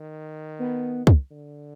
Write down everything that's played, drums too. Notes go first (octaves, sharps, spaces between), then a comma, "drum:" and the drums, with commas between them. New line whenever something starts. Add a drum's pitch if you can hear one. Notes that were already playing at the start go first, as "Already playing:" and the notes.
Already playing: D#3
B3
drum: kick
D3